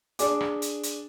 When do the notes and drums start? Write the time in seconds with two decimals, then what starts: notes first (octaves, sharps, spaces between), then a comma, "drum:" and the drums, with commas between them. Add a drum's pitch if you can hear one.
0.19 D4 G#4 G#5 D6, drum: hi-hat
0.41 drum: rim click
0.62 drum: hi-hat
0.84 drum: hi-hat